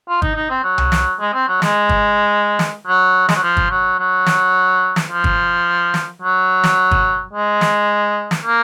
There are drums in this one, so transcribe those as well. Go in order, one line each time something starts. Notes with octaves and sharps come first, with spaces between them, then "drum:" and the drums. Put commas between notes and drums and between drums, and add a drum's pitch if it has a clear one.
F4
D#4, drum: kick
D#4
C4
F#3
drum: tom C2
drum: snare
G#3
C4
F#3
G#3, drum: snare
drum: kick
drum: snare
F#3
G#3, drum: snare
F#3
F3
drum: kick
F#3
F#3
drum: snare
drum: snare
F3
drum: kick
drum: snare
F#3
drum: snare
drum: kick
G#3
drum: snare
drum: snare
A#3